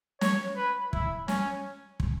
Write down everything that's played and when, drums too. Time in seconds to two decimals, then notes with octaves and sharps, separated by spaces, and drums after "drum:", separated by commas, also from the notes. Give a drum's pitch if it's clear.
0.21 C#5, drum: snare
0.56 B4
0.93 E4, drum: kick
1.28 C#4, drum: snare
2.00 drum: kick